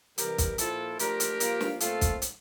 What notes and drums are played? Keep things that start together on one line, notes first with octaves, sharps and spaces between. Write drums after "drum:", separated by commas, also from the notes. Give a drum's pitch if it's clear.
C3 E3 G3 G4 A#4, drum: hi-hat
drum: kick, hi-hat
A#2 F3 A#3 E4 F4 A4, drum: hi-hat
F3 A3 D4 G4 A#4, drum: hi-hat
drum: hi-hat
F3 A#3 F4, drum: hi-hat
drum: snare
A#2 A3 C4 F4 A4, drum: hi-hat
drum: kick, hi-hat
drum: hi-hat